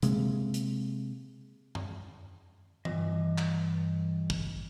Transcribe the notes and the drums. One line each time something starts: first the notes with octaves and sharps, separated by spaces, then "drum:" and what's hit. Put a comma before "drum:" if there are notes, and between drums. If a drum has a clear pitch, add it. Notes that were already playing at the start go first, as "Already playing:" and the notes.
C3 G#3 A#3, drum: hi-hat
drum: hi-hat
drum: tom F#2
G2 E3 D#5, drum: tom D#3
drum: clap
drum: kick